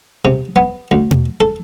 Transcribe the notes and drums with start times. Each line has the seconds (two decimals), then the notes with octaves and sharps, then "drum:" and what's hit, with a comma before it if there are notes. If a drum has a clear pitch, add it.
0.25 C3
0.56 B3
0.91 D2
1.11 drum: tom B2
1.41 A4